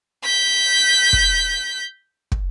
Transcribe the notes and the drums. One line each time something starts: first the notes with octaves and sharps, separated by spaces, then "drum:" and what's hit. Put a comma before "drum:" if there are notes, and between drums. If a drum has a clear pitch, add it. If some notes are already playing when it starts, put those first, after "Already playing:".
G6 B6
drum: kick
drum: kick